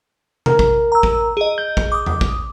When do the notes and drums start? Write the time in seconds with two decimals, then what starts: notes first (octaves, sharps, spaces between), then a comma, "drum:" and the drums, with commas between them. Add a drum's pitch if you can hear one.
0.46 A#4, drum: tom C3
0.59 drum: kick
0.92 A#5 E6
1.03 drum: kick
1.37 G#4 D#5
1.58 G6
1.77 drum: kick
1.92 D6 D#6
2.06 drum: tom E2
2.21 drum: kick